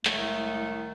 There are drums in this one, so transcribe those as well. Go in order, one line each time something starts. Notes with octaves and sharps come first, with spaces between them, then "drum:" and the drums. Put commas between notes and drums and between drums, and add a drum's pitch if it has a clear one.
C2 A2 D#3 G#3 A3, drum: clap